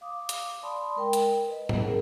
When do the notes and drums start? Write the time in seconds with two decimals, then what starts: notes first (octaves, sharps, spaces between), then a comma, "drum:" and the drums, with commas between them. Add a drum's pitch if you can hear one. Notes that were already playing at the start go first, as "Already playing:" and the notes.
0.01 F5 D6 D#6
0.29 drum: hi-hat
0.63 D5 A5 B5 C6 D#6
0.96 G#3 A#4 G5
1.13 drum: hi-hat
1.47 B4 D#5
1.69 drum: tom G#2
1.81 C#4 G#4 A#4